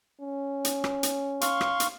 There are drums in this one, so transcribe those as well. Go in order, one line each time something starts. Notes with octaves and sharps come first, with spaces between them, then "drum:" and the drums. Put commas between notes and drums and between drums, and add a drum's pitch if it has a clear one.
C#4
drum: hi-hat
drum: rim click
drum: hi-hat
F5 C6 C#6, drum: hi-hat
drum: rim click
drum: hi-hat